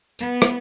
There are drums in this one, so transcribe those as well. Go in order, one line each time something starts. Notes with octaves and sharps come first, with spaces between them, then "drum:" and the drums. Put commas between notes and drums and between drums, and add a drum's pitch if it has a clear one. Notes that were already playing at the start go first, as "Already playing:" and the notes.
B3, drum: tambourine
drum: rim click